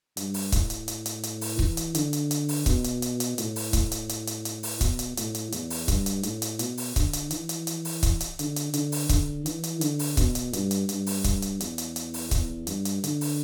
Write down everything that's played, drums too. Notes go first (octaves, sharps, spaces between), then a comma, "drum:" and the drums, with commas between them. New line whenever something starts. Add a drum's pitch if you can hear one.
G2, drum: hi-hat
drum: open hi-hat
A2, drum: kick C#1, hi-hat
drum: hi-hat
drum: hi-hat
drum: hi-hat
drum: hi-hat
drum: open hi-hat
E3, drum: kick C#1
drum: hi-hat
D3, drum: hi-hat
drum: hi-hat
drum: hi-hat
drum: open hi-hat
B2, drum: kick C#1, hi-hat
drum: hi-hat
drum: hi-hat
drum: hi-hat
A2, drum: hi-hat
drum: open hi-hat
A2, drum: kick C#1, hi-hat
drum: hi-hat
drum: hi-hat
drum: hi-hat
drum: hi-hat
drum: open hi-hat
B2, drum: kick C#1, hi-hat
drum: hi-hat
A2, drum: hi-hat
drum: hi-hat
E2, drum: hi-hat
drum: open hi-hat
G2, drum: kick C#1, hi-hat
drum: hi-hat
A2, drum: hi-hat
drum: hi-hat
B2, drum: hi-hat
drum: open hi-hat
D3, drum: kick C#1, hi-hat
drum: hi-hat
E3, drum: hi-hat
drum: hi-hat
drum: hi-hat
drum: open hi-hat
drum: kick C#1, hi-hat
drum: hi-hat
D3, drum: hi-hat
drum: hi-hat
D3, drum: hi-hat
drum: open hi-hat
D3, drum: kick C#1, hi-hat
E3, drum: hi-hat
drum: hi-hat
D3, drum: hi-hat
drum: open hi-hat
B2, drum: kick C#1, hi-hat
drum: hi-hat
G2, drum: hi-hat
drum: hi-hat
G2, drum: hi-hat
drum: open hi-hat
drum: kick C#1, hi-hat
drum: hi-hat
E2, drum: hi-hat
drum: hi-hat
drum: hi-hat
drum: open hi-hat
E2, drum: kick C#1, hi-hat
G2, drum: hi-hat
drum: hi-hat
D3, drum: hi-hat
drum: open hi-hat